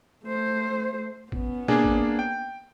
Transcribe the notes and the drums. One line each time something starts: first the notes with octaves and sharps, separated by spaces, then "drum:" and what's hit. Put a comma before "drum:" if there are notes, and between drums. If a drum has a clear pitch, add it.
A3 C5
B3 C#4, drum: kick A1
A#3 D4 G#4, drum: snare
drum: kick A1
G5